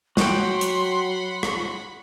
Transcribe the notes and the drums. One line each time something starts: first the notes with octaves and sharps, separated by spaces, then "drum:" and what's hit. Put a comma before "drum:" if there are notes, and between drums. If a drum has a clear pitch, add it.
F#3 F#4 F#5 G5 B5 C6, drum: snare
drum: hi-hat
drum: rim click